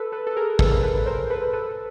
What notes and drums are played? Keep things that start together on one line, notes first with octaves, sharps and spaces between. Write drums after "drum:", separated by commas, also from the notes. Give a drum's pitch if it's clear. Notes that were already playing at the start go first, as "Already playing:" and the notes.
Already playing: A4 B4
A4 B4
A4
G#4 A#4
A4 B4, drum: kick
A4 B4
A#4 C5
A4 B4
A4 B4